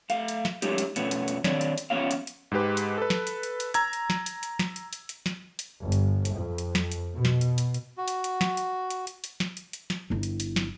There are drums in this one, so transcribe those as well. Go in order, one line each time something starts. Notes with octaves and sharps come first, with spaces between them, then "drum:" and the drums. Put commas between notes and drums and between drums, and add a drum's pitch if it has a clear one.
A3 F5, drum: hi-hat
drum: hi-hat
drum: snare
F#3 G#3 A3 C#4 D#4 G4, drum: hi-hat
drum: hi-hat
F2 B2 A3 B3 C#4, drum: hi-hat
drum: hi-hat
drum: hi-hat
D#3 C4 D4 C#5, drum: snare
drum: hi-hat
drum: hi-hat
F3 B3 C#4 C#5 F5
drum: hi-hat
drum: hi-hat
G#2 G#3 G4 B4
drum: hi-hat
A4 B4
drum: snare
drum: hi-hat
drum: hi-hat
drum: hi-hat
A#5 E6 G#6, drum: hi-hat
drum: hi-hat
drum: snare
drum: hi-hat
drum: hi-hat
drum: snare
drum: hi-hat
drum: hi-hat
drum: hi-hat
drum: snare
drum: hi-hat
G1
drum: hi-hat
drum: hi-hat
F2
drum: hi-hat
drum: snare
drum: hi-hat
B2
drum: snare
drum: hi-hat
drum: hi-hat
drum: hi-hat
F#4
drum: hi-hat
drum: hi-hat
drum: snare
drum: hi-hat
drum: hi-hat
drum: hi-hat
drum: hi-hat
drum: snare
drum: hi-hat
drum: hi-hat
drum: snare
G1 E4
drum: hi-hat
drum: hi-hat
drum: snare